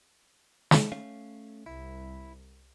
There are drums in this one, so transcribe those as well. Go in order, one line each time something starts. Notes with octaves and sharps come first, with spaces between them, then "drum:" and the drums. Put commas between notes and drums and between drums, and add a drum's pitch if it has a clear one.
drum: snare
A3 C#4 F5
C2 E4